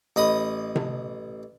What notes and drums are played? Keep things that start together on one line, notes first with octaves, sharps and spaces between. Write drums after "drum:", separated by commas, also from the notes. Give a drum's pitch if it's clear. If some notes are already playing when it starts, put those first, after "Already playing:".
A1 D#5 B5 D#6
drum: tom C3